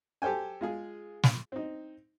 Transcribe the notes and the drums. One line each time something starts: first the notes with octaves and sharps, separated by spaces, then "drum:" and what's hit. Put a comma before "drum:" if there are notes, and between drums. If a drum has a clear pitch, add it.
G4 A4 C5 G5 G#5
G#3 F4 G#4
drum: snare
C4 D#4